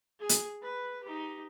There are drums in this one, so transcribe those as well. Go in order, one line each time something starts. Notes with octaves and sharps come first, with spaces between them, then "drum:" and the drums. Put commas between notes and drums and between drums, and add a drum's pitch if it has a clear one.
G#4
drum: hi-hat
B4
D#4 G4